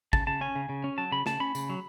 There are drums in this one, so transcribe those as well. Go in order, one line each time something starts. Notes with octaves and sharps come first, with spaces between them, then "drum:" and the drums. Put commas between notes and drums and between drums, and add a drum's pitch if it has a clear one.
C#3 A5, drum: kick
C#3 A5
C#4 G#5
C#3
C#3
C#4
F#3 A5
C#3 B5
C#3 A5, drum: snare
C#4 B5
C#3, drum: tambourine
F#3